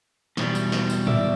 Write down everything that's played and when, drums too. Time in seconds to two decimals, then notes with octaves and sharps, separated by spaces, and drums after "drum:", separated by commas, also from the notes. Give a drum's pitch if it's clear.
0.37 E2 B2 G3, drum: snare
0.55 drum: tambourine
0.72 drum: snare
0.90 drum: tambourine
1.07 D5 E5, drum: tom